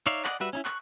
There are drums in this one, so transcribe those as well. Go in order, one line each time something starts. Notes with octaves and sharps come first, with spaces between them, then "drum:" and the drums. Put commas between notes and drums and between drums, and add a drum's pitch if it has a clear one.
D#4 C#5 D5 E5 F5
D5 D#5 F#5, drum: clap
G3 F#4 B4 E5
C#4 D#4 E4
C#6 F#6, drum: clap